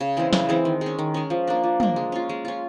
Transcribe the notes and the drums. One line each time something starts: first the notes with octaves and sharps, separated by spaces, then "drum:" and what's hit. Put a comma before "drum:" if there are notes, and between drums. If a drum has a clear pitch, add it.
C#3
E3 G#3 C4
C#3, drum: snare
E3 G#3 C4
D#3
G#3 C#4
D#3
G#3 C#4
F3
A#3 D4
F3
A#3 D4, drum: tom
G#3
C#4 F4
G#3
C#4 F4